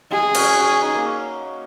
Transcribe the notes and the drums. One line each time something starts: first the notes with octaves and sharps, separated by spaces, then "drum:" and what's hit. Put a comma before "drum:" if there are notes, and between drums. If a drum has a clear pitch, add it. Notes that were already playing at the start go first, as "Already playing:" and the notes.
G#3 G#4
C#4 F#4, drum: cymbal
C#4 F#4
D#4
A#3
C#4